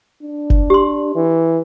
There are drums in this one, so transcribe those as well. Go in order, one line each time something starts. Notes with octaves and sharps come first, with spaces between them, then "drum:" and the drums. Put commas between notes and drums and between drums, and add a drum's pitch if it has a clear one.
D4
drum: kick F#1
G4 C6
E3